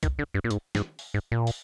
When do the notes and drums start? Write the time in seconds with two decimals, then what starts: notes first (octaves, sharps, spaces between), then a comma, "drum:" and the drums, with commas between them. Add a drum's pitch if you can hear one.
0.03 D#3, drum: kick, hi-hat
0.19 D3
0.34 G2
0.44 A#2
0.51 G#2, drum: hi-hat
0.75 G#2, drum: snare
0.99 drum: open hi-hat
1.14 G#2
1.32 A#2
1.47 drum: open hi-hat